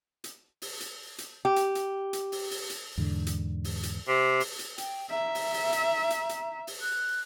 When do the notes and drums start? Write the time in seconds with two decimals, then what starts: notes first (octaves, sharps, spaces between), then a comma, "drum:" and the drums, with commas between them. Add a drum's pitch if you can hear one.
0.24 drum: hi-hat
0.62 drum: open hi-hat
0.81 drum: hi-hat
1.18 drum: hi-hat
1.45 G4
1.56 drum: hi-hat
1.75 drum: hi-hat
2.13 drum: hi-hat
2.32 drum: open hi-hat
2.51 drum: open hi-hat
2.70 drum: hi-hat
2.98 E2 G#2 D3
3.27 drum: hi-hat
3.64 drum: open hi-hat
3.83 drum: hi-hat
4.08 C3
4.40 drum: open hi-hat
4.59 drum: hi-hat
4.78 G5, drum: hi-hat
5.11 E5 A#5
5.35 drum: open hi-hat
5.54 drum: open hi-hat
5.73 drum: hi-hat
6.10 drum: hi-hat
6.29 drum: hi-hat
6.67 drum: open hi-hat
6.82 F#6